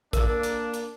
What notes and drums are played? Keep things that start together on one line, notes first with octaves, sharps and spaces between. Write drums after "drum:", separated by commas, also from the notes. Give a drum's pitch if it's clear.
A#3 D4 A#4, drum: kick A#1, hi-hat
drum: hi-hat
drum: hi-hat